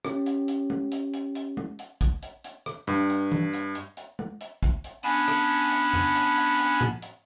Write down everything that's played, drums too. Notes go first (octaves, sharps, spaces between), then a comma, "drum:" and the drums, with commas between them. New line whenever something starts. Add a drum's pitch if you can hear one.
C#4 G4, drum: rim click
drum: hi-hat
drum: hi-hat
drum: tom
drum: hi-hat
drum: hi-hat
drum: hi-hat
drum: tom
drum: hi-hat
drum: kick, hi-hat
drum: hi-hat
drum: hi-hat
drum: rim click
G2, drum: hi-hat
drum: hi-hat
drum: tom
drum: hi-hat
drum: hi-hat
drum: hi-hat
drum: tom
drum: hi-hat
drum: kick, hi-hat
drum: hi-hat
B3 C#4 D4 G#5 A5 B5, drum: hi-hat
drum: rim click
drum: hi-hat
drum: tom F2
drum: hi-hat
drum: hi-hat
drum: hi-hat
drum: tom A2
drum: hi-hat